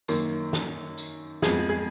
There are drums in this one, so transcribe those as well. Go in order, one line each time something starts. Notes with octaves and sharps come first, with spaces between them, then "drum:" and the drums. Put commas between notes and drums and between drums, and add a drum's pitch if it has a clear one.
F#2 D#3 A#3, drum: tambourine
drum: snare
drum: tambourine
F2 F3 G#3 B3 G#4, drum: snare
G#4